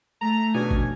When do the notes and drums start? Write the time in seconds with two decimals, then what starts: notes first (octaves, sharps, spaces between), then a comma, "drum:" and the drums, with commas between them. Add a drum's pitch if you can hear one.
0.22 A3 A#5
0.54 B2 C#4 D4 G#5
0.71 drum: kick G#1